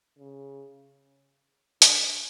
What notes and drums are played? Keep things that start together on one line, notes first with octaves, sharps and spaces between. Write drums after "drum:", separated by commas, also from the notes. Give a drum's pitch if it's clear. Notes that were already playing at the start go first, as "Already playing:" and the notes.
C#3
D3, drum: hi-hat